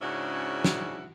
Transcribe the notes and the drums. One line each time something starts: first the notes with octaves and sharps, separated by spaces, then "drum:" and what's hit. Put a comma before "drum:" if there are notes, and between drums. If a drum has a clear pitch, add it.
G#2 C#3 C#4 D4 E4 F#4
drum: snare